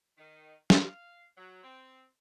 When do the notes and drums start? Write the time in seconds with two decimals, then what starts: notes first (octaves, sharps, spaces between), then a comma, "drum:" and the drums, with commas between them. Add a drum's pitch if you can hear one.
0.18 D#3
0.70 F5, drum: snare
1.37 F#3
1.63 C4